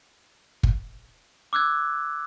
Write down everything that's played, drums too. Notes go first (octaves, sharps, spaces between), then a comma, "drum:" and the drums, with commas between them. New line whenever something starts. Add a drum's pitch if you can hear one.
drum: kick
D6 E6 F#6 G#6